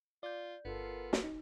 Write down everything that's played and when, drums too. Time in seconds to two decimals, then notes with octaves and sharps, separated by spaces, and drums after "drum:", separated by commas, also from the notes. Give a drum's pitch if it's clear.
0.23 F4 D5 G6
0.65 G1 B3 F4 A4 A#4
1.13 drum: snare
1.24 D#4